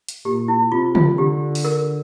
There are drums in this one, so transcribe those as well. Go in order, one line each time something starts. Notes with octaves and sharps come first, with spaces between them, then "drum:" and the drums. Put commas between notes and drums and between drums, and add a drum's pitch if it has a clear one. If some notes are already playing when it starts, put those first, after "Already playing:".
drum: hi-hat
A#2 G4
E4
C3 F4
F4, drum: tom C#3
D3 G4
drum: open hi-hat
A#4